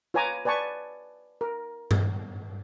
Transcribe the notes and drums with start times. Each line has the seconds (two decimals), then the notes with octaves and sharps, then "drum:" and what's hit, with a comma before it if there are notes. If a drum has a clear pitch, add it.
0.14 F4 B4 C#5 G#5 A#5 D6
0.45 B4 D5 G#5 A5 C#6
1.41 A#4
1.91 drum: tom G2